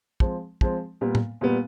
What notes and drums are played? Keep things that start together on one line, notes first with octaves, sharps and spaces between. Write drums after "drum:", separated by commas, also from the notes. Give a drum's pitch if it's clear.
F3 G#3 C4, drum: kick
F3 G#3 C4, drum: kick
A#2 G3 B3
drum: tom
A#2 G3 B3